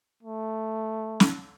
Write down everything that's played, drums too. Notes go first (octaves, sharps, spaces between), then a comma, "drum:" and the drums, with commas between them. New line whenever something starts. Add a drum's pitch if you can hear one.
A3
drum: snare